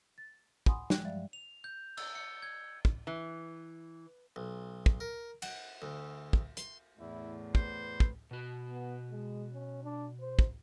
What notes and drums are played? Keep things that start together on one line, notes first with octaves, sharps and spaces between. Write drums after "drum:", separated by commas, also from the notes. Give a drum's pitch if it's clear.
A6
F#5 G#5 B5 C6 D#6, drum: kick
F3 G3 G#3 G5 F#6, drum: snare
G2 F#3 D5 E5 F5
F7
G6
E6, drum: cymbal
C#7
G#6
drum: kick
E3
B1
drum: kick
A#4
F#5, drum: cymbal
D2
drum: kick
C6, drum: hi-hat
E2 A2 E4
B4 C5, drum: kick
drum: kick
B2 F#4
B3
G#3
C#4
D4
C5
drum: kick